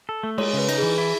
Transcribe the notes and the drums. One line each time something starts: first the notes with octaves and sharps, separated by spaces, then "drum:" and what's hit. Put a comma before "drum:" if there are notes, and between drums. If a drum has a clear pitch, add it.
A4
A3
G#3 C#5, drum: cymbal
C#3 B4
D#4, drum: cymbal
E3 G#4
E4